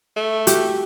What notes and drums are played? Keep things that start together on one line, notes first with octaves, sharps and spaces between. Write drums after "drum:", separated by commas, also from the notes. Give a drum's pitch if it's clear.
A3
F#4 G4, drum: hi-hat